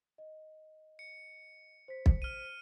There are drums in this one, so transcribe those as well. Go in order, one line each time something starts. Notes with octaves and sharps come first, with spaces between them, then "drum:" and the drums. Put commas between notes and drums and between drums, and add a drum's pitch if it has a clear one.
D#5
C#7
C5 B6
drum: kick
F6 D#7